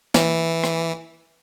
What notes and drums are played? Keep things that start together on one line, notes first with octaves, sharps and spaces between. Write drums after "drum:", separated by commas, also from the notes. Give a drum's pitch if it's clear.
E3, drum: snare
drum: rim click